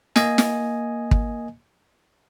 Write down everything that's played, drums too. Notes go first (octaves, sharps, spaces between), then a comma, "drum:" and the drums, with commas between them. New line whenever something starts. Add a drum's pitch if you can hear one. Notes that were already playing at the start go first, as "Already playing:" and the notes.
A#3 D#5 G#5, drum: snare
drum: snare
drum: kick